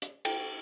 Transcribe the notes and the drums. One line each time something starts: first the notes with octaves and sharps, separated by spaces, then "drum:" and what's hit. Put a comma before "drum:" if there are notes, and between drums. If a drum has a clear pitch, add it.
drum: hi-hat
E4 G5, drum: cymbal